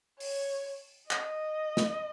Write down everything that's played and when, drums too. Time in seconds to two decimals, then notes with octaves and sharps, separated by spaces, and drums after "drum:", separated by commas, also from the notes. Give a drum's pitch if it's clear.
0.20 C#5, drum: open hi-hat
1.11 D#5, drum: clap
1.77 drum: snare